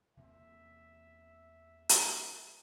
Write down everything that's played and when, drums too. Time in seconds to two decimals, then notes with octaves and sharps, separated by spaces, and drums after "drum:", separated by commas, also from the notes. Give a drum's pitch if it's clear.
0.17 E2 C3 A#3 E5
1.89 drum: hi-hat